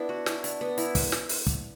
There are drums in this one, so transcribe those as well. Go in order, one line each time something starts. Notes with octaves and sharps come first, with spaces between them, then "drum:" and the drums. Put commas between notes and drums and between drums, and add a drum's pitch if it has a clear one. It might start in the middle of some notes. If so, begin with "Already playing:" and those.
Already playing: B3 D4 E4
F#4
E4, drum: snare
D4, drum: hi-hat
B3
E4, drum: hi-hat
drum: kick, open hi-hat
drum: snare
drum: open hi-hat
drum: kick, hi-hat